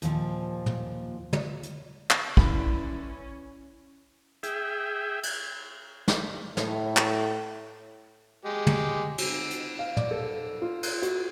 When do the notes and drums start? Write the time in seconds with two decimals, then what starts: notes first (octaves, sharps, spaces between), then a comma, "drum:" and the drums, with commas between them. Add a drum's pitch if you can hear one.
0.02 D#2 A#2 F3, drum: hi-hat
0.66 drum: tom
1.33 drum: tom
1.63 drum: hi-hat
2.10 drum: clap
2.37 D3 C#4 E4 B4, drum: kick
4.43 G#4 E5 G5, drum: hi-hat
5.23 drum: cymbal
6.08 drum: snare
6.57 A2, drum: snare
6.97 drum: clap
8.45 G#3 G4
8.67 drum: tom
9.18 drum: cymbal
9.50 drum: hi-hat
9.79 F5
9.97 D5, drum: tom
10.11 A4
10.62 F4
10.83 drum: cymbal
11.02 F#4, drum: hi-hat